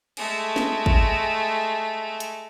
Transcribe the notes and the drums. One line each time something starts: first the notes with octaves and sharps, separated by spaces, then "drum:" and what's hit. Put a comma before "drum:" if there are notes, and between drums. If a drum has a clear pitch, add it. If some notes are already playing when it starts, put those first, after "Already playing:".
G#3 A3, drum: cymbal
drum: snare
drum: kick G#1
drum: hi-hat